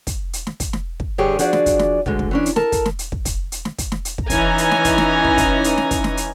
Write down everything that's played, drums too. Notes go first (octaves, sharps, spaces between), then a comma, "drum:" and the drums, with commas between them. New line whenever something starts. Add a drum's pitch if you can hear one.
drum: kick, hi-hat
drum: hi-hat
drum: snare
drum: kick, hi-hat
drum: snare
drum: kick
G2 D3 G4 G#4 C#5
F3 D4 F#4 G#4 D5, drum: hi-hat
drum: snare
drum: kick, hi-hat
drum: snare
D2 D3 G#3, drum: kick
drum: kick
E3 C#4 D4
drum: hi-hat
A4 A#4 A5, drum: snare
drum: kick, hi-hat
drum: snare
drum: hi-hat
drum: kick
drum: kick, hi-hat
drum: hi-hat
drum: snare
drum: kick, hi-hat
drum: snare
drum: hi-hat
drum: kick
E3 C#4 D#4 G#5 A#5, drum: kick, hi-hat
drum: hi-hat
drum: snare
drum: kick, hi-hat
drum: snare
drum: kick
drum: kick, hi-hat
drum: hi-hat
drum: snare
drum: kick, hi-hat
drum: snare
drum: hi-hat